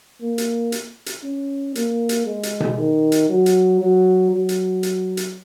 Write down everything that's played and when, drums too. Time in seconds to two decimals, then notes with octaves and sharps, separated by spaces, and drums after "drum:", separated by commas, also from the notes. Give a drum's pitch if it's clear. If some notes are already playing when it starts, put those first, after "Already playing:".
0.21 A#3
0.38 drum: hi-hat
0.72 drum: hi-hat
1.06 drum: hi-hat
1.24 C#4
1.75 A#3, drum: hi-hat
2.09 drum: hi-hat
2.26 G#3
2.43 drum: hi-hat
2.60 drum: tom B2
2.78 D#3
3.12 drum: hi-hat
3.29 F#3
3.46 drum: hi-hat
3.81 F#3
4.31 F#3
4.49 drum: hi-hat
4.83 drum: hi-hat
5.17 drum: hi-hat